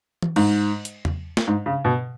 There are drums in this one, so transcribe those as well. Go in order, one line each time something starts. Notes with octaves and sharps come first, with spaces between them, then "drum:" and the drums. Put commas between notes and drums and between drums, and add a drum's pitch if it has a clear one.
drum: tom E3
G#2, drum: cymbal
drum: hi-hat
drum: tom E2
drum: snare
G#2
C#3
B2